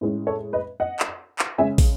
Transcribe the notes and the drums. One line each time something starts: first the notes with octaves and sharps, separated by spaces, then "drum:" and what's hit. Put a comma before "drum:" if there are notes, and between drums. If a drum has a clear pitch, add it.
A2 G#3 C#4
A4 C#5
B4 D#5
D#5 F#5
drum: clap
drum: clap
C#3 G#3 C#4 E5 G#5
drum: kick, open hi-hat